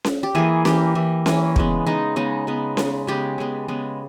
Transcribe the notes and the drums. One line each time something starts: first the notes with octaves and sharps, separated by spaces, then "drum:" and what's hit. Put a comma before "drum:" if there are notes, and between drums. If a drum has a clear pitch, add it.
drum: snare C#4
G4
E3 A#3 G#4
E3 A#3 G4, drum: snare C#4
E3 A#3
E3 A#3 C#4, drum: snare C#4
C#3 G#3 B3, drum: kick
C#3 G#3 B3 D#4
C#3 G#3 B3 D#4
C#3 G#3 B3
C#3 G#3 B3, drum: snare C#4
C#3 G#3 B3 G4
C#3 G#3 B3
C#3 G#3 B3